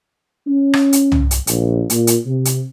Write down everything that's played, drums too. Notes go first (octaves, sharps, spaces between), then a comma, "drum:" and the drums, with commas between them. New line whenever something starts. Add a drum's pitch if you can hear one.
C#4
drum: rim click
drum: hi-hat
drum: tom C2
drum: hi-hat
A#1, drum: hi-hat
A#2, drum: hi-hat
drum: hi-hat
C3
drum: hi-hat